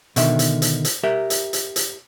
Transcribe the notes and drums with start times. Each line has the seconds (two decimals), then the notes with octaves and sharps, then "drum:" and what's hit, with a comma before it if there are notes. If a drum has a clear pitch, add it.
0.16 B2 D3 D#3 E5, drum: hi-hat
0.39 drum: hi-hat
0.62 drum: hi-hat
0.85 drum: hi-hat
1.03 G4 A#4 E5
1.30 drum: hi-hat
1.53 drum: hi-hat
1.76 drum: hi-hat